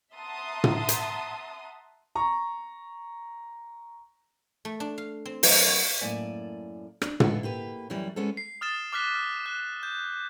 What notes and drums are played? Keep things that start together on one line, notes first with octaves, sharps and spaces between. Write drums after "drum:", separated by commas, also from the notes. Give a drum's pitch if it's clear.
E5 F#5 A5 A#5 C6 D#6
drum: tom
drum: hi-hat
A#5 C#6
A3
D4
F5
C4
F#3, drum: open hi-hat
A#4
C#5
F#2 A2 A#3 D5 G#5 A5
D4, drum: rim click
G#3 B3 E4 A4, drum: tom
A#3 G4 B4
F#2 E3 F#3 G3
G#3 B3 C#4 A4
C7
D#6 F6 A6 E7
D6 F6 F#6 B6
F6
F#6
G6